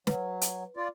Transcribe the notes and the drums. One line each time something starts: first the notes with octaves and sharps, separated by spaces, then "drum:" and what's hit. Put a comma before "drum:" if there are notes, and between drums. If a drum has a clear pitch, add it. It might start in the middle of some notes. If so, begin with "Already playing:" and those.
F#3 B4, drum: snare
drum: hi-hat
F4 D5